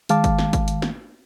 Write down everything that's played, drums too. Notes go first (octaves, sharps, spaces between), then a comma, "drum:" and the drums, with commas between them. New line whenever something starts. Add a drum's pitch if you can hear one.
D#3 G#3 F5 A5 D6, drum: hi-hat
drum: kick G#1, hi-hat
drum: snare
drum: kick G#1, hi-hat
drum: hi-hat
drum: snare